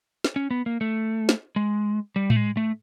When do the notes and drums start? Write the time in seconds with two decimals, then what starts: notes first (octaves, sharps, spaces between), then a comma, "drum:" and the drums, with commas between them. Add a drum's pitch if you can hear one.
0.24 drum: snare
0.36 C#4
0.51 B3
0.66 A#3
0.81 A3
1.29 drum: snare
1.56 G#3
2.16 G3
2.30 A3, drum: tom A2
2.36 G#3
2.57 A3